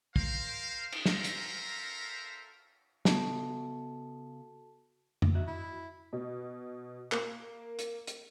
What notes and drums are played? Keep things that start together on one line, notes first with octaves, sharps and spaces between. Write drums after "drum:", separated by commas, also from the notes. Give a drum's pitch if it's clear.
A#4 C5 F5, drum: kick
drum: cymbal
A4 A#4 C5 E5 F5 A#5, drum: snare
drum: hi-hat
C#3 B3 F#4 A4 A5, drum: snare
drum: tom F2
F#4 D#5 E5
E4
B2
A#3, drum: clap
drum: hi-hat
drum: hi-hat